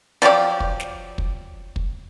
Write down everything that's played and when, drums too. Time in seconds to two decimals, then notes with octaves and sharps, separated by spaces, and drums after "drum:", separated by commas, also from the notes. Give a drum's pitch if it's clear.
0.22 F3 F#3 G4 D5
0.60 drum: kick
0.80 drum: snare
1.18 drum: kick
1.76 drum: kick